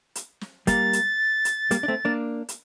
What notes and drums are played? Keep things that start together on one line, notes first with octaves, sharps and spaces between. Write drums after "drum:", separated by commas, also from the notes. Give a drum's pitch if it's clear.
drum: hi-hat
drum: snare
G3 A#3 A6, drum: kick, hi-hat
drum: hi-hat
drum: hi-hat
G3 A#3, drum: hi-hat
D4
A3 C4
A#3 D4
drum: hi-hat